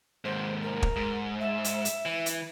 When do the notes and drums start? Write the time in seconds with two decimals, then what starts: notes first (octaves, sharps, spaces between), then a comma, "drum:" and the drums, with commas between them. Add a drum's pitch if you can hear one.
0.25 D#2 G#2 C5
0.62 A#4
0.83 drum: kick E1
0.96 G#2
1.40 E5
1.64 drum: hi-hat
1.85 drum: hi-hat
2.05 E3
2.26 drum: hi-hat